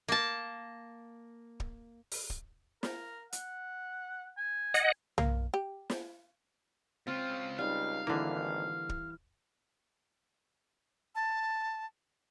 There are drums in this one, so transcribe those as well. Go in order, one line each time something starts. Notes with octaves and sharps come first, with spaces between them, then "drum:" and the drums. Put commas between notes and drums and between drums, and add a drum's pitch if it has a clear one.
A#3 A5
drum: kick
drum: open hi-hat
drum: kick
A#4, drum: snare
F#5, drum: hi-hat
G#5
D#5 F#5, drum: hi-hat
A#3, drum: tom
G4
drum: snare
C#2 C4 F4 C5
C#2 G3 D#4 F5
G#1 D3 E3 A#3 B4
drum: kick
A5